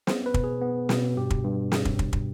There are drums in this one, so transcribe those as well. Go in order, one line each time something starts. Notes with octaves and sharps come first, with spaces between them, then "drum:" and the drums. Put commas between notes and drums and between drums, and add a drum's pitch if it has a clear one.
B3 C5, drum: snare
B4
B2, drum: kick
G#4
B3
B2, drum: snare
G2 G4
drum: kick
G2
drum: snare
drum: kick
drum: kick
drum: kick